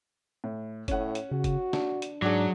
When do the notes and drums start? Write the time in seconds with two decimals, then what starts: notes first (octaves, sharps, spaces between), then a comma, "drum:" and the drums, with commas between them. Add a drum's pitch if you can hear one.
0.44 A2
0.88 A2 C#4 F#5, drum: kick F#1, hi-hat
1.15 drum: hi-hat
1.31 C#3 F#4
1.44 drum: kick F#1, hi-hat
1.73 D4, drum: snare
2.02 drum: hi-hat
2.22 G#2 F#3 D4 G#4 F#5 D6